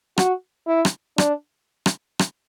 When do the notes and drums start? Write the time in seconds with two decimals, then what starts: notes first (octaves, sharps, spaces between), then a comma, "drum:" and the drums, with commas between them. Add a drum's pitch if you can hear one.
0.18 F#4, drum: rim click
0.67 E4
0.85 drum: rim click
1.18 D4, drum: rim click
1.86 drum: rim click
2.19 drum: rim click